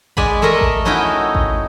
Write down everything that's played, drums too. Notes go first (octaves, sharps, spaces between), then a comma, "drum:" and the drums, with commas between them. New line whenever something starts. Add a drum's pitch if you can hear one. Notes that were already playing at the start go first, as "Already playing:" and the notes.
G#3 D5 G#5 B5, drum: kick A1
A3 A4 A#4 D#5 E5
drum: kick A1
C#4 D#4 E4 F#4 D#5 G5
drum: kick A1